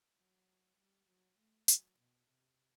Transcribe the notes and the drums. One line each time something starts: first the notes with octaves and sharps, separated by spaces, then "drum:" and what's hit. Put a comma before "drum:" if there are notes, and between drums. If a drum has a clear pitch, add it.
F#3
G3
F#3
A3
F#3, drum: hi-hat
B2
C3